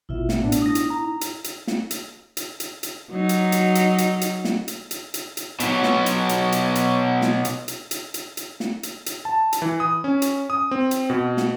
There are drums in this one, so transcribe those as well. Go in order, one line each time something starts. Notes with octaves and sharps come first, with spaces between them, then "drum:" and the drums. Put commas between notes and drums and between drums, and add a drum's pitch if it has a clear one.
A1 B2 E4 F4 E5
drum: snare
A2 A3 B3 D4
drum: hi-hat
D#4 E4 D#6 A#6
drum: hi-hat
A#5
drum: hi-hat
drum: hi-hat
drum: snare
drum: hi-hat
drum: hi-hat
drum: hi-hat
drum: hi-hat
F#3 D#4
drum: hi-hat
drum: hi-hat
drum: hi-hat
drum: hi-hat
drum: hi-hat
drum: snare
drum: hi-hat
drum: hi-hat
drum: hi-hat
drum: hi-hat
B2 F#3, drum: hi-hat
drum: snare
drum: hi-hat
drum: hi-hat
drum: hi-hat
drum: hi-hat
drum: snare
drum: hi-hat
drum: hi-hat
drum: hi-hat
drum: hi-hat
drum: hi-hat
drum: snare
drum: hi-hat
drum: hi-hat
A5
drum: hi-hat
E3
D#6
C#4
drum: hi-hat
D#6
C4
drum: hi-hat
B2
drum: snare